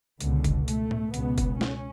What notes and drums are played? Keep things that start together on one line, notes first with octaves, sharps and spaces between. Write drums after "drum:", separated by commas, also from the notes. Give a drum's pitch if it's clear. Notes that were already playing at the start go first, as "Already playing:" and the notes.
C#2 B2 D3, drum: hi-hat
drum: kick F#1, hi-hat
A3, drum: hi-hat
drum: tom A2
C#2 B2 B3, drum: hi-hat
drum: kick F#1, hi-hat
C#4, drum: snare